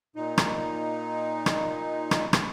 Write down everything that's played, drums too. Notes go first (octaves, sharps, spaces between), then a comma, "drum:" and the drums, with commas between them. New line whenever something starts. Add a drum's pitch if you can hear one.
A#2 D#4
drum: rim click
drum: rim click
drum: rim click
drum: rim click